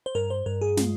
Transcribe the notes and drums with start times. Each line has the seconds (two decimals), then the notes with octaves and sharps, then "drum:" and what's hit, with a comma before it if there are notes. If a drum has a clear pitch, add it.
0.06 C5
0.15 G2 A#4
0.30 C5
0.46 G2 A#4
0.61 G#4
0.77 G#3 F4, drum: snare